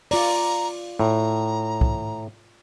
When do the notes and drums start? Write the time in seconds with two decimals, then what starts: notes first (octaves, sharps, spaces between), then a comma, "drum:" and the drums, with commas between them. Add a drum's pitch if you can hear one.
0.11 F4 D5 A#5, drum: open hi-hat
0.99 A2 A#5
1.81 drum: kick